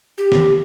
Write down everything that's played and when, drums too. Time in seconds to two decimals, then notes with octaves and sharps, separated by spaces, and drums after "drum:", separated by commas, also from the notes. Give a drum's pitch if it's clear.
0.18 G4
0.32 drum: snare